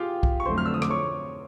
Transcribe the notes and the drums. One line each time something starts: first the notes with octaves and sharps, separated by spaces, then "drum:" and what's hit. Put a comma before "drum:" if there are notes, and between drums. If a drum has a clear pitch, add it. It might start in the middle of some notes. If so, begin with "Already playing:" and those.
Already playing: F4 G4 G#4 F5 G5
drum: kick
C#6
F2 D3 F#3 A3 C5 C6
F6
E6
D#6
D6, drum: rim click
C#5 C#6